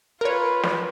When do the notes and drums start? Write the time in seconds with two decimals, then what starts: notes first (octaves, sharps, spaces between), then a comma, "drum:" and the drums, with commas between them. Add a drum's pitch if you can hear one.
0.21 F4 A#4 B4 C#5
0.63 drum: snare